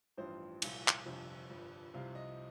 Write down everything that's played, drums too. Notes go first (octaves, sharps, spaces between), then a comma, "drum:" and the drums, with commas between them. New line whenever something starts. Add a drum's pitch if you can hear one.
A1 G2 F3 C5
C2 A#2 F3, drum: cymbal
drum: clap
G1 F2 C3 F3
G1 G2 F3
C2 C3 F3 F5
D#5